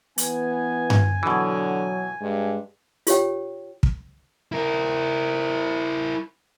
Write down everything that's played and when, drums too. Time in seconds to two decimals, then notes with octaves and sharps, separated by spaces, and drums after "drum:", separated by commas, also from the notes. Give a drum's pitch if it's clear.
0.18 E3 B3 G#5, drum: hi-hat
0.90 drum: tom G2
1.23 B2 D3 E3 F#3
2.21 G2 G#3
3.07 F4 G4 C#5 G5, drum: hi-hat
3.83 drum: kick
4.52 E4 A#4